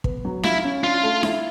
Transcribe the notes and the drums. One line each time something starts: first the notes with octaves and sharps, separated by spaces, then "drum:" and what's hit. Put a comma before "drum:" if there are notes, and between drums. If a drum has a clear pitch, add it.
B3, drum: kick
F#3
E4 F4, drum: snare D4
C#4
D4 F4
A3
E4, drum: snare D4